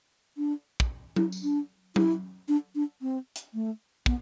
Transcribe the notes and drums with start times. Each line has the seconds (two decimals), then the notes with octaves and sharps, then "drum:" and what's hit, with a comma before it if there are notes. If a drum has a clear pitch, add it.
0.37 D4
0.80 drum: kick
1.16 E4, drum: tom F#3
1.32 drum: tambourine
1.43 D4
1.96 E4, drum: tom F#3
2.48 D4
2.75 D4
3.02 C4
3.36 drum: hi-hat
3.54 A3
4.06 B3, drum: kick